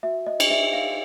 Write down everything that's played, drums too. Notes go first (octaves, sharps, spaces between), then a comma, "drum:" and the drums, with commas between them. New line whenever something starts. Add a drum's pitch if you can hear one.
F#4 E5
D#5
drum: cymbal
A#4 D5 E5
F5